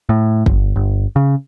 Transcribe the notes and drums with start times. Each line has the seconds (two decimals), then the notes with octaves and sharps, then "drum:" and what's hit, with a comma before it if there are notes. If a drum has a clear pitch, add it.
0.09 A2
0.46 G1, drum: kick
0.76 G1
1.16 C#3